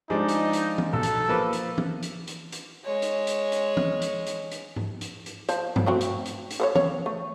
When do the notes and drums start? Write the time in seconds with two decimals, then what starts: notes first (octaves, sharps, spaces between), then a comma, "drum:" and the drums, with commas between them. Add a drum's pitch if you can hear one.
0.10 F3 G#3 D4 D#4
0.28 drum: hi-hat
0.53 drum: hi-hat
0.78 drum: tom E3
0.93 B1 A4 E6
1.03 drum: hi-hat
1.28 F3 A#3 B4
1.53 drum: hi-hat
1.78 drum: tom E3
2.03 drum: hi-hat
2.28 drum: hi-hat
2.52 drum: hi-hat
2.85 G#3 C#5
3.02 drum: hi-hat
3.27 drum: hi-hat
3.52 drum: hi-hat
3.77 drum: tom E3
4.02 drum: hi-hat
4.27 drum: hi-hat
4.51 drum: hi-hat
4.76 drum: tom G#2
5.01 drum: hi-hat
5.26 drum: hi-hat
5.49 F3 C5 A5, drum: hi-hat
5.76 drum: tom G2
5.86 A3 C4 F#4
6.01 drum: hi-hat
6.26 drum: hi-hat
6.51 drum: hi-hat
6.60 A4 C5 C#5
6.75 C#5, drum: tom E3
7.06 A3